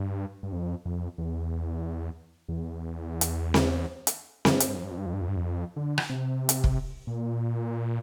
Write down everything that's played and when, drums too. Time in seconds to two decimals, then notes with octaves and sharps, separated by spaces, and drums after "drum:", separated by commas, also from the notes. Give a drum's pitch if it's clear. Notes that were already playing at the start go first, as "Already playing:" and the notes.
Already playing: G2
0.43 G2
0.52 F2
0.86 F2
1.18 E2
2.48 E2
3.21 drum: hi-hat
3.54 drum: snare C4
4.07 drum: hi-hat
4.45 F2, drum: snare C4
4.53 G2
4.60 F2, drum: hi-hat
4.68 G2
4.76 F2
4.84 G2
4.91 F2
4.98 G2
5.06 F2
5.13 G2
5.21 F2
5.28 G2
5.36 F2
5.76 D3
5.98 drum: rim click
6.10 C3
6.49 drum: hi-hat
6.64 drum: kick
7.07 A#2